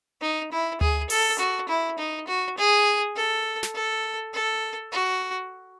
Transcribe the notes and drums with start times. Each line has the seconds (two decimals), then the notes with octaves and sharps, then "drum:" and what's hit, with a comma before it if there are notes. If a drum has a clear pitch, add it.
0.21 D#4
0.52 E4
0.81 G#4, drum: tom D2
1.10 A4, drum: open hi-hat
1.39 F#4
1.69 E4
1.98 D#4
2.28 F#4
2.58 G#4
3.16 A4
3.63 drum: snare
3.74 A4
4.33 A4
4.92 F#4